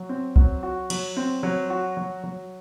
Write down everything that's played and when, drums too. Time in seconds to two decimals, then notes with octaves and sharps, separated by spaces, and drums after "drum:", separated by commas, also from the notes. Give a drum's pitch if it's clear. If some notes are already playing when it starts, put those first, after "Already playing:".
Already playing: F#3
0.09 C4
0.36 F#3, drum: kick B1
0.63 F#4
0.90 F#3, drum: cymbal
1.17 C4
1.43 F#3
1.70 F#4
1.97 F#3
2.24 F#3